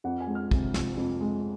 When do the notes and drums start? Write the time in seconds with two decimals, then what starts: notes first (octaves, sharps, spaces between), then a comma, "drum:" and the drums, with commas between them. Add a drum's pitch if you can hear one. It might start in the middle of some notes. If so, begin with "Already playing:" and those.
0.04 F2 F#5
0.20 G#5
0.27 G#3
0.35 F6
0.51 C3, drum: kick
0.74 F3, drum: snare
0.97 F2
1.21 G#3